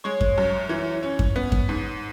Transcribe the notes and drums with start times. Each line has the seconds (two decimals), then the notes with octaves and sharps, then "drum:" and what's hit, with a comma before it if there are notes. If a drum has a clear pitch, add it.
0.04 G#3 C#5
0.21 drum: kick F#2
0.38 F#2
0.69 E3
1.03 C#4
1.19 drum: kick F#2
1.36 B3
1.52 drum: kick F#2
1.69 G#2